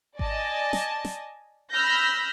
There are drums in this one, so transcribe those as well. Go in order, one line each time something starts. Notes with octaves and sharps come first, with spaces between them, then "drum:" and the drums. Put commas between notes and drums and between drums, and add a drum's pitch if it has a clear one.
D5 D#5 G#5 A5, drum: kick G#1
drum: snare
drum: snare
B5 E6 F6 G6 A#6